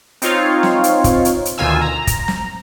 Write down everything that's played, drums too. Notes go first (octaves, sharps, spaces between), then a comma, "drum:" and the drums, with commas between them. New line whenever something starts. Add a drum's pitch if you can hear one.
C4 D#4 F4 C#5 F5, drum: hi-hat
drum: snare
drum: hi-hat
drum: kick, hi-hat
drum: hi-hat
drum: hi-hat
D2 B2 D#3 F4 G#5 E6
A#5
drum: kick, hi-hat
drum: snare